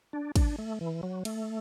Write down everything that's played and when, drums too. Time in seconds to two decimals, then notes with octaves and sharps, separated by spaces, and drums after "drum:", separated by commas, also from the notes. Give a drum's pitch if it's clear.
0.13 D4
0.36 D4, drum: kick, cymbal
0.58 A3
0.81 E3
1.03 F#3
1.25 A3, drum: cymbal